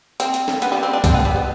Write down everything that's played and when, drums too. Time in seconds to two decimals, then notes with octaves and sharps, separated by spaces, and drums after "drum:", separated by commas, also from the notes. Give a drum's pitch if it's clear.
0.20 C4, drum: hi-hat
0.34 drum: hi-hat
0.48 drum: snare
0.62 B3, drum: hi-hat
0.72 G3
0.83 C4
0.93 D4
1.04 C4, drum: kick C2, hi-hat
1.14 B3
1.25 G3
1.36 B3